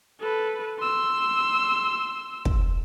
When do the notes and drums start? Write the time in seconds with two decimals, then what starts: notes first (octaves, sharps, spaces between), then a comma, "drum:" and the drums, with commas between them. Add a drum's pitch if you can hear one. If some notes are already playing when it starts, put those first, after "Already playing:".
0.20 A4 B4
0.79 C6 E6
2.45 drum: kick